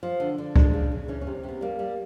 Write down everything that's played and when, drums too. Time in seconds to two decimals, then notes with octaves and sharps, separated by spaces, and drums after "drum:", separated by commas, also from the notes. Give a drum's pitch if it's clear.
0.03 F3
0.20 D3
0.38 D3
0.56 G#3 D4, drum: kick C#2
0.73 C#3
0.92 C#3
1.08 E3 C#4
1.21 C#4
1.27 C3
1.43 C3
1.49 B3
1.61 G3 A#3
1.79 G3